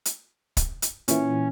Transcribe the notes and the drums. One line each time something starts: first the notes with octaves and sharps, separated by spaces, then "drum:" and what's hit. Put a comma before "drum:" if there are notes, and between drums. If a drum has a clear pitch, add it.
drum: hi-hat
drum: kick, hi-hat
drum: hi-hat
A#2 E3 C#4, drum: hi-hat